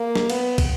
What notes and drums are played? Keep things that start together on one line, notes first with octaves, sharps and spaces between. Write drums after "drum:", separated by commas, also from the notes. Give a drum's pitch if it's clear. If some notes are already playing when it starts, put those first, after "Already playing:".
Already playing: A#3
drum: snare
B3, drum: cymbal
drum: kick, cymbal